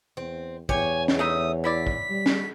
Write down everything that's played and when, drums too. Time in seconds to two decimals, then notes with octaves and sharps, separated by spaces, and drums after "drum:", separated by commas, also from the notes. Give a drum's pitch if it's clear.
0.17 E2 C4
0.69 E2 G4 C#5 G#5, drum: kick
1.08 drum: snare
1.19 A3 D#4 E5 D#6
1.64 B3 E4 D5 B6
1.87 drum: kick
2.10 G3
2.26 drum: snare